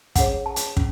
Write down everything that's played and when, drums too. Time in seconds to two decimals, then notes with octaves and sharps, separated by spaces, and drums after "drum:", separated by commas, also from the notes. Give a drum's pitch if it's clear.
0.15 C#4 G#4 C#5 F#5, drum: kick, hi-hat
0.46 A5
0.56 drum: hi-hat
0.77 C#4, drum: kick